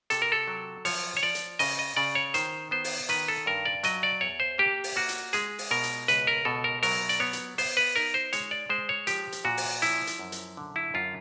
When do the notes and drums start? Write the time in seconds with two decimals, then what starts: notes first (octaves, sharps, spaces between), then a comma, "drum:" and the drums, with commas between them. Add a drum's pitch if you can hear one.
0.10 C3 A4, drum: hi-hat
0.22 A#4
0.32 A4
0.47 F#3
0.85 F3 C#5, drum: open hi-hat
1.17 C#5
1.23 F3 D5
1.35 drum: hi-hat
1.59 C#3 D#5, drum: open hi-hat
1.79 D#5
1.97 C#3 D5
2.15 C#5
2.34 D#3 C5, drum: hi-hat
2.71 B3 C5
2.84 drum: open hi-hat
3.09 D#3 B4, drum: hi-hat
3.28 A4
3.46 G2 A#4
3.65 D5
3.83 F#3 D#5, drum: hi-hat
4.03 D5
4.21 E2 C#5
4.40 C5
4.58 A#3 G4
4.84 drum: open hi-hat
4.96 A#3 F#4
5.09 drum: hi-hat
5.33 G#3 G#4, drum: hi-hat
5.59 drum: open hi-hat
5.71 B2 A#4
5.83 drum: hi-hat
6.08 C#2 B4, drum: hi-hat
6.27 A#4
6.45 B2 A4
6.64 A#4
6.83 F#3 A#4, drum: open hi-hat
7.09 D5, drum: hi-hat
7.20 B3 C#5
7.33 drum: hi-hat
7.58 B3 C5, drum: open hi-hat
7.77 B4
7.96 D#4 A#4
8.14 C5
8.33 G#3 C#5, drum: hi-hat
8.51 D5
8.70 G#3 C5
8.89 C#5
9.07 F3 G4, drum: hi-hat
9.32 drum: hi-hat
9.44 A#2 F#4
9.57 drum: open hi-hat
9.82 F3 E4, drum: hi-hat
10.07 drum: hi-hat
10.19 F#2
10.32 drum: hi-hat
10.57 D3
10.76 E4
10.94 F#2 F4